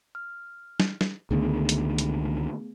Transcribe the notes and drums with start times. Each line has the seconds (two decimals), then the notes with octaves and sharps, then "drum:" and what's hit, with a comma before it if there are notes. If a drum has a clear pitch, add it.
0.15 F6
0.80 drum: snare
1.01 drum: snare
1.31 C#2 D3 D#3 A3 B3 G#4
1.69 drum: hi-hat
1.98 drum: hi-hat